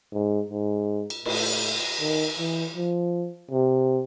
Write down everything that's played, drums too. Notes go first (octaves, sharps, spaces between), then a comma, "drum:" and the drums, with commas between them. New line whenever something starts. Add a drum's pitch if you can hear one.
G#2
G#2
drum: cymbal
A2, drum: cymbal
D#3
E3
F3
C3